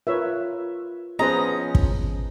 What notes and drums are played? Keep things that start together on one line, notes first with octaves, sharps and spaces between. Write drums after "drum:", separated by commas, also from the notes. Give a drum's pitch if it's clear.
F4 A#4 B4 C#5 E5
F3 B3 C#4 G#4 B4 C5 D#5 A#5
drum: kick